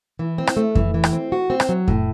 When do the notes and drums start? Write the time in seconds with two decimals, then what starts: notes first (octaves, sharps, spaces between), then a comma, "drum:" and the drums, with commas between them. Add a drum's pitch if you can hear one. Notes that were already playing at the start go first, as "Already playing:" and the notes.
0.19 E3
0.38 C4
0.47 drum: rim click
0.57 A3
0.75 E3, drum: kick F2
0.94 E3
1.04 drum: rim click
1.13 C4
1.32 F#4
1.50 C4
1.60 drum: rim click
1.69 F#3
1.88 A2, drum: kick F2